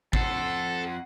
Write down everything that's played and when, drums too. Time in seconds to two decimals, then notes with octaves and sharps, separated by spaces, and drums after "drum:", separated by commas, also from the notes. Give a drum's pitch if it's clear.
0.13 F2 A4 C5 F#5, drum: kick G#1